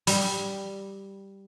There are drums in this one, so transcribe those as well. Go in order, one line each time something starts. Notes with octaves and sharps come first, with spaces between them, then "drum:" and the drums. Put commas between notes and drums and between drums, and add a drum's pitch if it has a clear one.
G3, drum: open hi-hat